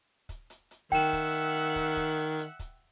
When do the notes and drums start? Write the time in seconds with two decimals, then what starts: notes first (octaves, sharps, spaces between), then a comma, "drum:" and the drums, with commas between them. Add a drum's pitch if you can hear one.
0.29 drum: kick, hi-hat
0.50 drum: hi-hat
0.71 drum: hi-hat
0.92 D#3 E5 F#5 G5 F#6 E7, drum: kick, hi-hat
1.13 drum: kick, hi-hat
1.34 drum: hi-hat
1.55 drum: hi-hat
1.76 drum: kick, hi-hat
1.97 drum: kick, hi-hat
2.18 drum: hi-hat
2.38 drum: hi-hat
2.59 drum: kick, hi-hat